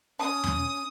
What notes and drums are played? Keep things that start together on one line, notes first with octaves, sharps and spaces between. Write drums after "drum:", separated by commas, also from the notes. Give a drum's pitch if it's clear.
C#4 D#5 F5 A5 D#6
drum: tom E2